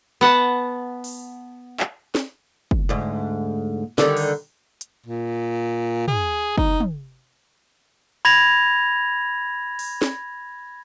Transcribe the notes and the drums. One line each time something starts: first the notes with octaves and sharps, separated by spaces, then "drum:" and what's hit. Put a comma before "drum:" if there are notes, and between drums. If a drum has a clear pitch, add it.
B3 F#5 A5
drum: open hi-hat
drum: clap
drum: snare
drum: kick F#1
D2 G#2
D3 D#3 G3, drum: snare
drum: open hi-hat
drum: hi-hat
A#2
G#4, drum: tom
D#4, drum: kick F#1
drum: tom
B5 G#6 A#6 F7
drum: open hi-hat
drum: snare